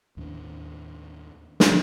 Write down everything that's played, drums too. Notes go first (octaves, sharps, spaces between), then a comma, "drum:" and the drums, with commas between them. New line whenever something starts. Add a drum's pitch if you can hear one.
D#2 A2 C4 D4
drum: snare